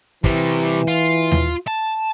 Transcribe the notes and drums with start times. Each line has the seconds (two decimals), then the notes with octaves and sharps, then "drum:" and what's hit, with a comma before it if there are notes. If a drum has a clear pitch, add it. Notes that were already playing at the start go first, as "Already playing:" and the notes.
0.24 C3 E3 G3, drum: kick
0.88 F4
1.32 drum: tom D#2
1.67 A5